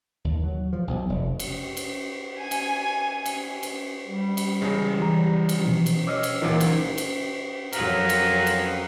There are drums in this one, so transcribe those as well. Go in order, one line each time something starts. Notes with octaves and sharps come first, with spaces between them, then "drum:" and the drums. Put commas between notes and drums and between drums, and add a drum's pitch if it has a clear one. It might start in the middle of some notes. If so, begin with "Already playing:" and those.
D#2
F#3
F3
B1
F1
drum: cymbal
drum: cymbal
G#5
drum: cymbal
drum: cymbal
drum: cymbal
G3
drum: cymbal
E2 C#3 G#3
E3 G4 A#5
drum: cymbal
B2 E3 F3
drum: cymbal
C#5 D#5 D6 E6 F6
drum: cymbal
C#2 A#2 E3 F#3 D#4 A#4
drum: cymbal
drum: cymbal
F2 F#3 A#4 B4, drum: cymbal
drum: cymbal
drum: cymbal